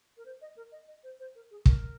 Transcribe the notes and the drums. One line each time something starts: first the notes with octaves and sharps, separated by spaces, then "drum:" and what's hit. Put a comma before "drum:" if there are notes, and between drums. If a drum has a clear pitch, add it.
A#4
C5
D#5
A#4
D#5
D#5
C5
C5
A#4
G#4
A#4, drum: kick